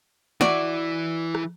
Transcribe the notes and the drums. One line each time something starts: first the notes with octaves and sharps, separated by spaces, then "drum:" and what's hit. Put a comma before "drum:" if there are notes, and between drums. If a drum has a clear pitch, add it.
E3 E4 F#4 D5, drum: snare
drum: rim click